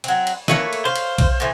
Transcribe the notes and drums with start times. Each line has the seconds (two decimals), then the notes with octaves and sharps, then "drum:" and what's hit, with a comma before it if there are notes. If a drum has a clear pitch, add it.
0.04 F#3 C4, drum: cymbal
0.27 drum: cymbal
0.48 A3 A#3 B4 C#5 E5, drum: snare
0.73 drum: cymbal
0.85 C5 F5
0.96 drum: cymbal
1.18 drum: kick B1, cymbal
1.40 A2 E3